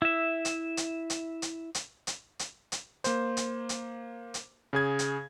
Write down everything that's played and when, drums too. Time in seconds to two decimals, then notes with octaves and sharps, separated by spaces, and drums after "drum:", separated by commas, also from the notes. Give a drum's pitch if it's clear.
0.02 E4 E5
0.45 drum: hi-hat
0.77 drum: hi-hat
1.10 drum: hi-hat
1.42 drum: hi-hat
1.75 drum: hi-hat
2.07 drum: hi-hat
2.39 drum: hi-hat
2.72 drum: hi-hat
3.04 A#3 C5, drum: hi-hat
3.37 drum: hi-hat
3.69 drum: hi-hat
4.34 drum: hi-hat
4.73 C#3 G#4 G#6
4.99 drum: hi-hat